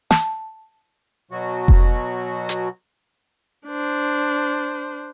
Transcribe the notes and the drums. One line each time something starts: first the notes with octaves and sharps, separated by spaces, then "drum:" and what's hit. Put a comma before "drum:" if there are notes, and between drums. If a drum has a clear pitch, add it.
A5, drum: snare
B2 F#3 F#4
drum: kick F1
drum: hi-hat
D4 C5